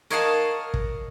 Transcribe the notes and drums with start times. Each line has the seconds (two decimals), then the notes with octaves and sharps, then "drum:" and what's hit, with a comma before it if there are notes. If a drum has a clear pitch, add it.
0.10 A#4 C#5 D#5 F5 F#5 A5
0.74 drum: kick